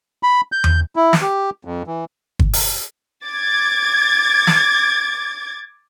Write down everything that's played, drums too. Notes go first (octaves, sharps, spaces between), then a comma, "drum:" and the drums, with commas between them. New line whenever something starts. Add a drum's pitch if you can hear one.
B5
G6
drum: tom E2
E4
drum: snare
G4
F2
E3
drum: kick
drum: open hi-hat
D6 G#6 A6
drum: snare